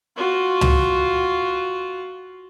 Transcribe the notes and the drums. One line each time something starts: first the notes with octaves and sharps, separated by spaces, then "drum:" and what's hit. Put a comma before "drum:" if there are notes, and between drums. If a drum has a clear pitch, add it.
F4 F#4
drum: tom